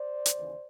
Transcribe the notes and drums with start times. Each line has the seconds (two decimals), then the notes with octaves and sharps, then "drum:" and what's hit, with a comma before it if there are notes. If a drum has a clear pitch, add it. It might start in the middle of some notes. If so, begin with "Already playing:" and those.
Already playing: C5 D5
0.26 drum: hi-hat
0.35 D#2 C#3 E3